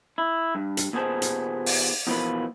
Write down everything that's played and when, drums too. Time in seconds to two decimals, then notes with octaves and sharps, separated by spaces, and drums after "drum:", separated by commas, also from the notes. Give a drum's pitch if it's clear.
0.18 E4
0.55 G2
0.77 drum: hi-hat
0.93 D#2 A#2 B3 G#4 C5 A5
1.22 drum: hi-hat
1.66 drum: open hi-hat
2.07 B2 E3 F3 A#3 F4 B4